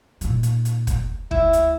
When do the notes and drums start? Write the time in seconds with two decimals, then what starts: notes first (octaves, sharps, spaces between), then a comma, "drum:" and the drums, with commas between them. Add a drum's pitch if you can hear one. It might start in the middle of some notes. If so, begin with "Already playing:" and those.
0.21 A#2 D#3, drum: hi-hat
0.43 drum: hi-hat
0.65 drum: hi-hat
0.87 drum: kick, hi-hat
1.31 D2 E4, drum: kick
1.53 drum: hi-hat